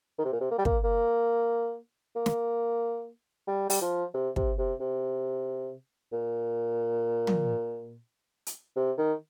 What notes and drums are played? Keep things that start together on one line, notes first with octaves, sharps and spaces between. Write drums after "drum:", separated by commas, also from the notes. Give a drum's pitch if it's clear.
D#3
C3
A#2
C3
A#3
G3
A#3, drum: kick
A#3
A#3
drum: snare
G3
G3, drum: open hi-hat
F3
C3
C3, drum: kick
C3
C3
A#2
drum: tom
drum: hi-hat
C3
D#3